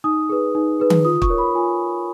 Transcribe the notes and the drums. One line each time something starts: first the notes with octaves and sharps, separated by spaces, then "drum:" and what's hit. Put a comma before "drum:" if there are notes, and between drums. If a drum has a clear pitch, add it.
D#4 D#6
G#4 B4
D#4
G#4 B4
drum: tom D#3
F4 D#6
C#6, drum: kick
A#4 C#5
B5
F4 G#5